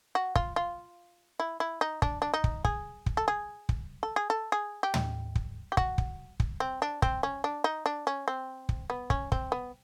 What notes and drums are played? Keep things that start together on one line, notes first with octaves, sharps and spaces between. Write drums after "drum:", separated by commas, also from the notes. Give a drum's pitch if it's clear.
F#4
F4, drum: kick
F4
E4
E4
D#4
D4, drum: kick
D4
D#4
drum: kick
G#4, drum: kick
drum: kick
A4
G#4
drum: kick
A4
G#4
A4
G#4
G4
drum: tom
drum: kick
G4
F#4, drum: kick
drum: kick
drum: kick
C4
D4
C4, drum: kick
C#4
D4
D#4
D4
C#4
C4
drum: kick
B3
C#4, drum: kick
C4, drum: kick
B3